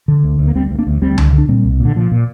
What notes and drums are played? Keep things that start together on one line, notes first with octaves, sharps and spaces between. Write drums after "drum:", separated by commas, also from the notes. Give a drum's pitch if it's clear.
D3
D2
D2
A#3
D2 G3 C4
D2
A#3 D4
D2
D2 G3 C4
D3, drum: tom C#2
D3
D4
A#2 G3 C4
C2
A#2
D3
A#2 F3
A#2